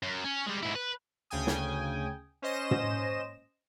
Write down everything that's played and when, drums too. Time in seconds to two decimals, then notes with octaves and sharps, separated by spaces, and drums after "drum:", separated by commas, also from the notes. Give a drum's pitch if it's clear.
0.03 F#2
0.24 C#4
0.46 G3 G#3
0.63 G#2 E4
0.75 B4
1.30 D2 C#3 G5 G#5 D#6
1.47 drum: snare
2.42 C#4 C5 D#5 A#6 E7
2.71 drum: tom